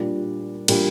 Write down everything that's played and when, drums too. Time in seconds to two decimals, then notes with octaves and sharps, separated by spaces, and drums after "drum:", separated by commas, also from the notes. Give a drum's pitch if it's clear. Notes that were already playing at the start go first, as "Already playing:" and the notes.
Already playing: A#2 G3 D4 F4
0.68 A#2 G3 D4 F4, drum: cymbal